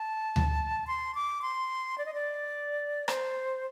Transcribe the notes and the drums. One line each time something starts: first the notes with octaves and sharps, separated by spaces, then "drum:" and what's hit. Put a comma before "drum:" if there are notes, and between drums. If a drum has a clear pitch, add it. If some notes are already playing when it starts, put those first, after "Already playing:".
Already playing: A5
drum: tom D2
C6
D6
C6
D5
D#5
D5
C5, drum: rim click